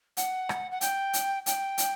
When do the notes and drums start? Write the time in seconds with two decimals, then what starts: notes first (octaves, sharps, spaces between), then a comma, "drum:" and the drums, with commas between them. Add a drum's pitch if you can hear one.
0.17 F#5, drum: hi-hat
0.49 drum: rim click
0.71 F#5
0.81 G5, drum: hi-hat
1.13 drum: hi-hat
1.46 G5, drum: hi-hat
1.78 drum: hi-hat